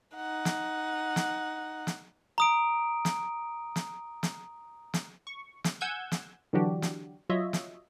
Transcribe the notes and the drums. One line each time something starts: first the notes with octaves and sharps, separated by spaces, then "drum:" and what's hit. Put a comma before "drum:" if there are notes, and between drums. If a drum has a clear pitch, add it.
D#4 F#5
drum: snare
drum: snare
drum: snare
A#5 D#6 D7
drum: snare
drum: snare
drum: snare
drum: snare
C#6
drum: snare
F#5 G#5 E6 G6 G#6
drum: snare
D3 E3 F#3 D4 F#4 G4
drum: snare
F#3 F4 C#5 D#5 E5
drum: snare